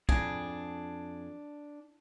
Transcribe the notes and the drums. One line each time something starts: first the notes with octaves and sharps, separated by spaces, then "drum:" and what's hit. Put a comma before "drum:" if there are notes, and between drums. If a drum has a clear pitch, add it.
F2 D4 G#4, drum: kick